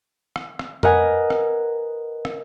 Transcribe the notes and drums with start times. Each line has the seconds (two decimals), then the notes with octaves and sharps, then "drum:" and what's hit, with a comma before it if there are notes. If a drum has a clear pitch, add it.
0.36 drum: rim click
0.59 drum: rim click
0.83 A#4 B4 D#5 F#5 G#5, drum: tom F2
1.30 drum: rim click
2.25 drum: rim click